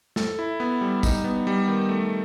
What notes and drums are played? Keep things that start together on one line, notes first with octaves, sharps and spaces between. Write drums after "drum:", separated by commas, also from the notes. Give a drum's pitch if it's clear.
A4, drum: snare
E4
B3
G3
D#4, drum: kick, tambourine
B3
G3
D#3
A3